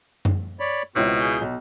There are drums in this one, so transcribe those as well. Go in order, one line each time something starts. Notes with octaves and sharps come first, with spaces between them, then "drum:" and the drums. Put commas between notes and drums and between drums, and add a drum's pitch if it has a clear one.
drum: tom F#2
C#5 D5 B5
C#2 B2 C4 E4 F#4 C#5
C#3 G#4 G6
B1